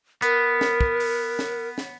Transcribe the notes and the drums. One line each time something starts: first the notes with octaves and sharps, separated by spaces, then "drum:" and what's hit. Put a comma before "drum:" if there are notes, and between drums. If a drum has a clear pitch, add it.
B3 A#4, drum: hi-hat
drum: snare
drum: kick
drum: open hi-hat
drum: snare
drum: snare